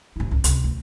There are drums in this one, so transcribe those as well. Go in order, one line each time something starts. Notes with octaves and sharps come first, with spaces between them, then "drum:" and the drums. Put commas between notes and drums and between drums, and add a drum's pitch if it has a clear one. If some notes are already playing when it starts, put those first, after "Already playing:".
A1 E4
C#2
C#2 C3, drum: hi-hat
D2